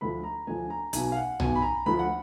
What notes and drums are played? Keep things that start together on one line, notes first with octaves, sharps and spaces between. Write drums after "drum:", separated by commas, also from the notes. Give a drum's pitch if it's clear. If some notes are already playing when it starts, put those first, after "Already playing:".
D2 D3 F3 B5
A#5
D2 D3 F3 G#5
A#5
B1 B2 G#5, drum: hi-hat
F5
F#5
B1 B2 G#5, drum: tom B1
B5
A#5
D2 D3 F3 B5
F#5